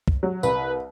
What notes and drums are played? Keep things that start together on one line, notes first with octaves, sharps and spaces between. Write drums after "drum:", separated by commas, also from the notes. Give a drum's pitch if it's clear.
drum: kick
F#3
C2 B4, drum: tambourine